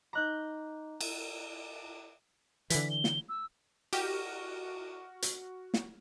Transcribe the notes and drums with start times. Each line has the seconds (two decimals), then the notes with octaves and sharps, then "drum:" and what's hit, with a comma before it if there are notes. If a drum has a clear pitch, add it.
0.13 D#4 D#5 A#5 D6 F#6 G6
1.01 drum: cymbal
2.70 D3 E3 B6, drum: hi-hat
2.90 G7
3.04 drum: snare
3.29 E6
3.93 F#4 G4 F6 A#6, drum: cymbal
5.22 drum: hi-hat
5.74 drum: snare